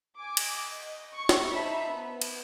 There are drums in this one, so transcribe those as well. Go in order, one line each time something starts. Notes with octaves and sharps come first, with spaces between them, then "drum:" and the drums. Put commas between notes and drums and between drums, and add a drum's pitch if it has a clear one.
G#5 D6
drum: cymbal
D#5
C#6
drum: snare
D#4 C5 E5 A5 B5
B3
drum: cymbal